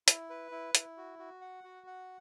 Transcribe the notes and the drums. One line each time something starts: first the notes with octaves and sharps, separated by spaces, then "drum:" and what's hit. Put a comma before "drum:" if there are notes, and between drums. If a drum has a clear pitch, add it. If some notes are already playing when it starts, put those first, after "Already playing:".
E4, drum: hi-hat
B4
E4
E4, drum: hi-hat
F#4
F#4
F#5
F#4
F#5